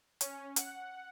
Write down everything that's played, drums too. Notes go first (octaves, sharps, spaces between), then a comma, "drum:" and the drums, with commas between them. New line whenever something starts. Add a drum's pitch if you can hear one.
C#4, drum: hi-hat
F#5, drum: hi-hat